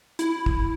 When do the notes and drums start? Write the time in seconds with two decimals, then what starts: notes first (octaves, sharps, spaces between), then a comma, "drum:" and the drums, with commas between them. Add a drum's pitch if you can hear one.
0.19 E4, drum: hi-hat
0.46 drum: kick